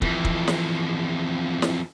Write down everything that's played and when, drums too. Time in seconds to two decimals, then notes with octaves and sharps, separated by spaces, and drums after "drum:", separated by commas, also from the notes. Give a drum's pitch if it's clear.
0.02 F2 E3, drum: kick
0.25 drum: kick
0.48 drum: snare
1.62 drum: snare